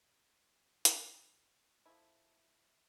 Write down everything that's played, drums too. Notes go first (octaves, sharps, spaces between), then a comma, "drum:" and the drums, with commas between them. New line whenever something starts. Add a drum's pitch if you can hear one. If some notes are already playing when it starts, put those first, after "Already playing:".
drum: hi-hat
F3 A3 E4